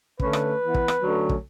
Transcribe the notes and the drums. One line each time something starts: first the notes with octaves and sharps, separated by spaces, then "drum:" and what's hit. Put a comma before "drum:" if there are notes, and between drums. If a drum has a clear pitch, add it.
D3 A3 C#4 B4, drum: kick
drum: rim click
E3 B3
drum: kick
drum: rim click
D3 F#3 A3 C#4
drum: kick